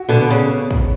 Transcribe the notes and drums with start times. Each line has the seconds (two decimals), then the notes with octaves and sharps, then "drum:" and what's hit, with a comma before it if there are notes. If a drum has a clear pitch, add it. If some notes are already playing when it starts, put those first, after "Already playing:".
Already playing: F#4
0.09 B2 D3
0.20 B3
0.30 C#3
0.71 drum: kick